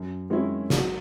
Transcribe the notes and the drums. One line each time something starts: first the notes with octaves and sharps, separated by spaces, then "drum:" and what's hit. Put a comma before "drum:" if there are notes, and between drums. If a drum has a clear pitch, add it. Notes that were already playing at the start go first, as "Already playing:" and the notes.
Already playing: F#2
D#3 G#3 C#4 E4
F#3, drum: snare